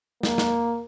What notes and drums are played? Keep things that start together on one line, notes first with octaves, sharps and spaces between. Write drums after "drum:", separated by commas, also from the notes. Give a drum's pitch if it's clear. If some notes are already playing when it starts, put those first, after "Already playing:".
A#3, drum: snare
drum: snare